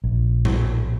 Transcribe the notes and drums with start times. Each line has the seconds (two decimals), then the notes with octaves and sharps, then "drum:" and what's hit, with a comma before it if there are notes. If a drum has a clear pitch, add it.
0.04 A#1
0.45 drum: tom A2